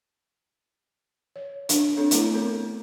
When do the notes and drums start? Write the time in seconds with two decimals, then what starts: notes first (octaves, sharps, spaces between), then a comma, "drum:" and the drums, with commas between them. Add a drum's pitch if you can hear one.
1.36 C#5
1.69 D4, drum: hi-hat
1.97 C4 D4 A4 C#5
2.11 A3 B3 E4, drum: hi-hat
2.32 B3 C4 A4 A#4